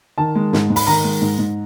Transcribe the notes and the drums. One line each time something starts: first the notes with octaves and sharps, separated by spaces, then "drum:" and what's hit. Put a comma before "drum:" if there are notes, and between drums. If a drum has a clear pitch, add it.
D#3 A5
G#3
G#2, drum: snare
G#2
B5, drum: open hi-hat
D#3 A#5
G#3
G#2
G#2